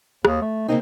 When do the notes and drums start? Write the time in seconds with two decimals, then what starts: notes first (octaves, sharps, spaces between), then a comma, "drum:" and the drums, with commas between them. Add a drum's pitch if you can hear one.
0.25 D#2, drum: rim click
0.42 A3
0.68 C#3 A#3 C4 D#4